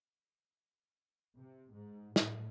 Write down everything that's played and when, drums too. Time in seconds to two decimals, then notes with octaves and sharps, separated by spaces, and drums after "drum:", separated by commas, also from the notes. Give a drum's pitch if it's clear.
1.38 C3
1.72 G#2
2.16 A2, drum: snare